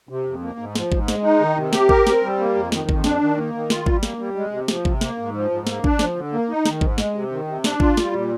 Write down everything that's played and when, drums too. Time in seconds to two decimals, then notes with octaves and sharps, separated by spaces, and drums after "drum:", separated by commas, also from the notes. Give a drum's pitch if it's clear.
0.09 C3
0.25 F2
0.42 A#3
0.58 G#2
0.75 F3, drum: snare
0.92 G#2, drum: kick G#1
1.08 G#3, drum: snare
1.24 D#4
1.40 D#3
1.57 C3
1.73 G4, drum: snare
1.89 A#4, drum: kick G#1
2.07 C4, drum: snare
2.23 G3
2.39 A#3
2.55 F2
2.72 D#3, drum: snare
2.89 F2, drum: kick G#1
3.04 D4, drum: snare
3.22 D#3
3.37 A#3
3.54 D#3
3.70 F4, drum: snare
3.86 G3, drum: kick G#1
4.03 A#3, drum: snare
4.19 G3
4.35 G#3
4.52 C3
4.68 F3, drum: snare
4.85 C3, drum: kick G#1
5.01 A#3, drum: snare
5.18 G#2
5.34 F3
5.50 G#2
5.67 A#3, drum: snare
5.84 D4, drum: kick G#1
5.99 F3, drum: snare
6.16 D3
6.33 A#3
6.50 D#4
6.66 D#3, drum: snare
6.81 G#2, drum: kick G#1
6.98 G#3, drum: snare
7.14 C3
7.32 D#3
7.48 C3
7.64 D4, drum: snare
7.80 F4, drum: kick G#1
7.97 G3, drum: snare
8.13 A#2